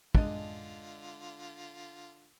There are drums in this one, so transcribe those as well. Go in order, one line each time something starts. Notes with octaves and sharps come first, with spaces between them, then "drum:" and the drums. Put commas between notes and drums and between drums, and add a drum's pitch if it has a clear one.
D3 G#3 D4 F4 D#5, drum: kick